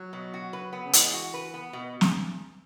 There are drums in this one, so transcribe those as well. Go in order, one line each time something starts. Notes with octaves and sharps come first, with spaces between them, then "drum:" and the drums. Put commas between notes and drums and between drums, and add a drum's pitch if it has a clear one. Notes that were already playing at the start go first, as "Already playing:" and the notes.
Already playing: F#3
B2
F#4
B4
B3
C#3
E3 G#3, drum: hi-hat
F#4
B4
B3
B2
drum: snare